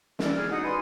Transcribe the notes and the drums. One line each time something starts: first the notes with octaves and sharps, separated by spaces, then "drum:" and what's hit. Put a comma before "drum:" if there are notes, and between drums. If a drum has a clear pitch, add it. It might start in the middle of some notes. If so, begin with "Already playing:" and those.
E4 D5 F6, drum: snare
G#4
D#4 F#4 F#5 D#6
B4 D5 G#5 C6